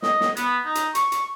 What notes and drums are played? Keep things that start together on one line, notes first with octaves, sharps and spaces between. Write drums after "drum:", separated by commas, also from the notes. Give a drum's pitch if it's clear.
D#5, drum: snare
drum: snare
B3, drum: hi-hat
D#4
drum: hi-hat
C#6, drum: hi-hat
drum: hi-hat